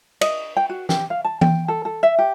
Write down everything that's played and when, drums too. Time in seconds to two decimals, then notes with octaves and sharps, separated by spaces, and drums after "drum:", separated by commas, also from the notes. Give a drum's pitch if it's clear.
0.21 D#5, drum: cymbal
0.57 G5
0.69 F#4
0.89 G4, drum: snare
1.10 F5
1.24 A5
1.41 G5, drum: tom E3
1.68 A4
1.85 A4
2.03 E5
2.19 G4